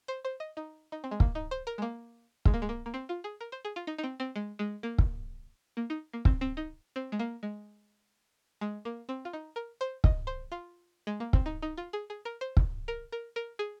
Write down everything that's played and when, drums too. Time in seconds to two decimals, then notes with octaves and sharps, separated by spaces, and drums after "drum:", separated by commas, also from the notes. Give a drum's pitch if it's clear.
0.08 C5
0.25 C5
0.40 D#5
0.57 D#4
0.92 D#4
1.04 C4
1.11 G#3
1.20 A#3, drum: kick
1.35 D#4
1.51 C5
1.67 A#4
1.78 G#3
1.82 A#3
2.45 G#3, drum: kick
2.54 A#3
2.62 G#3
2.69 A#3
2.86 A#3
2.94 C4
3.09 F4
3.24 G#4
3.41 A#4
3.52 C5
3.65 G#4
3.76 F4
3.87 D#4
3.98 D#4
4.04 C4
4.20 C4
4.36 G#3
4.59 G#3
4.83 A#3
4.98 drum: kick
5.77 A#3
5.90 D#4
6.13 A#3
6.25 C4, drum: kick
6.41 C4
6.57 D#4
6.96 C4
7.12 G#3
7.19 A#3
7.43 G#3
8.61 G#3
8.85 A#3
9.09 C4
9.25 F4
9.33 D#4
9.56 A#4
9.81 C5
10.04 D#5, drum: kick
10.27 C5
10.52 F4
11.07 G#3
11.20 A#3
11.33 C4, drum: kick
11.46 D#4
11.62 D#4
11.78 F4
11.93 G#4
12.10 G#4
12.25 A#4
12.41 C5
12.57 drum: kick
12.88 A#4
13.12 A#4
13.36 A#4
13.59 G#4